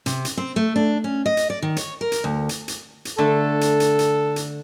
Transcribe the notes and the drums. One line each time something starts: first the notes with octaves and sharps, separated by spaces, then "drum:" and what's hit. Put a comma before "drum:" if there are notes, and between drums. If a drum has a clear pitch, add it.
C3, drum: hi-hat
drum: hi-hat
C4
A3
D4
C#4
D#5
drum: hi-hat
D5
D#3
C#5, drum: hi-hat
A#4
drum: hi-hat
D2
drum: hi-hat
drum: hi-hat
drum: hi-hat
D3 A3 A4
drum: hi-hat
drum: hi-hat
drum: hi-hat
drum: hi-hat